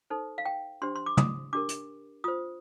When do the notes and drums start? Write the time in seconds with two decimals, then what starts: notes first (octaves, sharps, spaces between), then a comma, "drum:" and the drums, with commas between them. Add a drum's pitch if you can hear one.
0.10 D#4 A4 C5
0.38 F5
0.46 G5
0.82 D4 G4 C5 C6
0.96 C6
1.06 D6
1.17 D#6, drum: tom
1.53 D4 G4 A#4 D6
1.69 drum: hi-hat
2.24 F4 C5 D#6